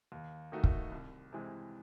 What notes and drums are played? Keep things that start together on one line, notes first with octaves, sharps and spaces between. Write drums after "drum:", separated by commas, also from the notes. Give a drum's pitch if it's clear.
D#2
D#3 A3 D#4 F#4
drum: kick
C2
C3 E3 G#3